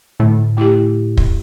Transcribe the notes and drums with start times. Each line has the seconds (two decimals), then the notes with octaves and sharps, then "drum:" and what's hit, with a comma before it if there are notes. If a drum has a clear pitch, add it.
0.19 A2 D3
0.57 A3 E4 G4
1.17 drum: kick